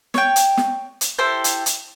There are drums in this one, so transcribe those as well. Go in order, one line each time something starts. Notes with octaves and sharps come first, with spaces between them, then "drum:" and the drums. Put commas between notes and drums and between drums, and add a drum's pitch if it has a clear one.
C#5 G5, drum: snare
drum: hi-hat
drum: snare
drum: hi-hat
E4 G4 A4 C5
drum: hi-hat
drum: hi-hat